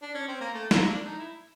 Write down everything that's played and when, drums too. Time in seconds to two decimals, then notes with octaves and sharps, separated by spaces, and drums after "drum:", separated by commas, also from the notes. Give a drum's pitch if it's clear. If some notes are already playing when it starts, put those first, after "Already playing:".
0.02 D4
0.15 C#4
0.28 C4
0.41 A#3
0.54 A3
0.71 A#3, drum: snare
0.88 D4
1.05 D#4
1.19 E4